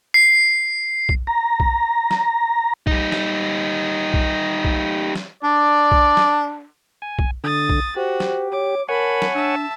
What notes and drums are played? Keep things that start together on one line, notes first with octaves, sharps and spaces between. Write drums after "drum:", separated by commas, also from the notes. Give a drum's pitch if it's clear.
C7
drum: kick B1
A#5
drum: kick B1
drum: snare
G3 D#4, drum: kick B1
drum: snare
drum: kick B1
drum: kick B1
drum: snare
D4 D5
drum: kick B1
drum: snare
G#5
drum: kick B1
D3 D#6 A6
drum: kick B1
F#4 G4 C5
drum: snare
C#5 D6
A#4 C#5 F#5 G#5 A5 B5
drum: snare
D4 E5 A5